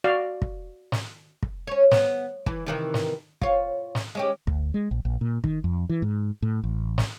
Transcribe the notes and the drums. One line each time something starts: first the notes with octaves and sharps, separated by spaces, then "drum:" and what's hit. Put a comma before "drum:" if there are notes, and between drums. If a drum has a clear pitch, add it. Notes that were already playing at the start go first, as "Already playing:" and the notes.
F#4 D5 F5
drum: kick
drum: snare
drum: kick
C#4 C#5
B3, drum: snare
E3, drum: kick
C3 D#3 E3
drum: snare
F4 C#5, drum: kick
drum: snare
G#3 C#4 G4
D2, drum: kick
G#3
A#1
A#1
A#2
D#3, drum: kick
F2
E3
G#2
A2
A1
drum: snare